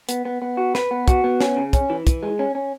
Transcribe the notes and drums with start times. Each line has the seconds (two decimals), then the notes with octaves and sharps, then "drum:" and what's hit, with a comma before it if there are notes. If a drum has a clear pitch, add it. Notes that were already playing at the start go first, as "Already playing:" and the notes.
0.09 B3, drum: hi-hat
0.25 B3
0.42 B3
0.57 F#4
0.75 B4, drum: snare
0.91 B3
1.08 F#4, drum: kick, hi-hat
1.24 B3
1.40 C#4, drum: snare
1.57 C#3
1.73 C#4, drum: kick, hi-hat
1.90 E3
2.07 E3, drum: kick, hi-hat
2.23 G#3
2.39 C#4
2.55 C#4